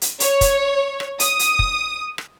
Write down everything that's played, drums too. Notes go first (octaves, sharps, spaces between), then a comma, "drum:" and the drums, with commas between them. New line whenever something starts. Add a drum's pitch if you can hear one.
drum: hi-hat
C#5, drum: hi-hat
drum: kick, hi-hat
drum: rim click
D#6, drum: hi-hat
drum: hi-hat
drum: kick
drum: rim click